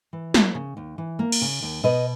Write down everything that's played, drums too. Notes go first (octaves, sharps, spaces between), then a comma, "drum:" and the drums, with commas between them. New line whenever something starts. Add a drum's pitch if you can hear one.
E3
A#3, drum: snare
C#3
D#2
E3
A#3
drum: cymbal
C#3
D#2
B2 B4 D#5